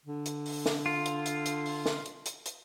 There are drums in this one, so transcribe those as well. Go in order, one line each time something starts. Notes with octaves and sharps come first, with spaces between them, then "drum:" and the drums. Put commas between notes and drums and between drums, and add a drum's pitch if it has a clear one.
D3
drum: hi-hat
drum: open hi-hat
drum: snare
F4
drum: hi-hat
drum: hi-hat
drum: hi-hat
drum: open hi-hat
drum: snare
drum: hi-hat
drum: hi-hat
drum: hi-hat